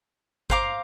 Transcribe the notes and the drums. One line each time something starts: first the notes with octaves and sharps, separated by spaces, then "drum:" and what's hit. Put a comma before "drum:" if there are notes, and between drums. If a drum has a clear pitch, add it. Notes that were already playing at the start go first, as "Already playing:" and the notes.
C5 F5 A#5 D6, drum: kick G#1